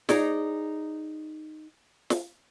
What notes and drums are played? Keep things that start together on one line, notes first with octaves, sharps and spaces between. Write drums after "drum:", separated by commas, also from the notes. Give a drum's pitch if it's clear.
D#4 G#4 D5, drum: snare
drum: snare